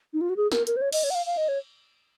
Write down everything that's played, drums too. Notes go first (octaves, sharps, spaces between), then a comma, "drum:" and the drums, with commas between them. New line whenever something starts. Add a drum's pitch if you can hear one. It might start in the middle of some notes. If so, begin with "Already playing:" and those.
D#4
F4
F#4
G#4
A#4, drum: snare
A#4, drum: hi-hat
C5
C#5
D#5, drum: cymbal
C#5
F#5
F5
F5
D#5
C#5